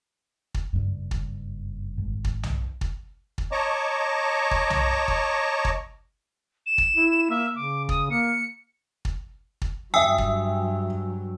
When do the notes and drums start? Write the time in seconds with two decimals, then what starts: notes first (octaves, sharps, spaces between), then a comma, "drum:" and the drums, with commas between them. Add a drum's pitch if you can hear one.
0.54 drum: kick
0.73 F#1 G2
1.11 drum: kick
1.98 G#1
2.25 drum: kick
2.43 drum: tom B1
2.81 drum: kick
3.38 drum: kick
3.52 C#5 D#5 A5 A#5 C#6 D6
4.51 drum: kick
4.70 drum: tom B1
5.08 drum: kick
5.65 drum: kick
6.66 E7
6.78 drum: kick
6.96 E4
7.30 A#3 E5
7.56 C#3 D6
7.89 D#6, drum: kick
8.10 A#3 C#7
9.05 drum: kick
9.62 drum: kick
9.94 G2 F#3 E5 G5 G#5 D#6 E6
10.18 drum: kick